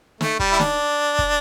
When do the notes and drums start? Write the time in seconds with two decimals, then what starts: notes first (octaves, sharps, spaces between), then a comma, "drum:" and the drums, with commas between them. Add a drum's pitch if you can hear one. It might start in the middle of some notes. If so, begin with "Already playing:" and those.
0.21 A3, drum: snare
0.39 G3, drum: kick
0.52 E4
0.59 D4, drum: snare
1.19 drum: kick